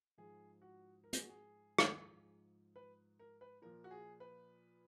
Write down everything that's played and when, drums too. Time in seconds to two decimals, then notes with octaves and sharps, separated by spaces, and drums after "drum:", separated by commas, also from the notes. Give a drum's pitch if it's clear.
0.18 G#2 F3 G#4
0.62 F#4
1.04 A#4
1.13 G#4, drum: hi-hat
1.22 F#4
1.29 G#4
1.78 drum: rim click
1.90 G#2 F3
2.76 B4
3.19 A#4
3.41 B4
3.62 A#2 F3 A#4
3.84 F#4
3.91 G#4
4.20 B4